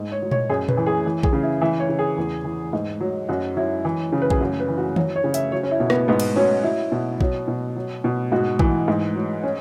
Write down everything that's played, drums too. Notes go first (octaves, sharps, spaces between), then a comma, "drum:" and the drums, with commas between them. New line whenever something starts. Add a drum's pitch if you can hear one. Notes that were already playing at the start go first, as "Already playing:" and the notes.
Already playing: G#2
C#5
F#3
C#5, drum: tom A#2
F#2 G#4
B4, drum: tom A#2
E3
G#4
E3
G#4, drum: kick A#1
C#3
E4
E3 E5
C#5
C#3
G#4
E2
E3
G#2
F#3
F#2 F#4
F#3 E4
E3
C#3
B4
G#4, drum: kick A#1
F#2 F#4
B4
E3
F#4
F#3 F#4, drum: tom D#3
C#5
C#3
E5, drum: hi-hat
F#3 C#5
C#4
E4
B2
B3, drum: rim click
G#2 B3
drum: cymbal
F#3 C#4
F#3 E4
B2
F#3, drum: kick A#1
B2
F#3
B2
G#2 F#4
E3, drum: kick A#1
G#2
F#3
C#4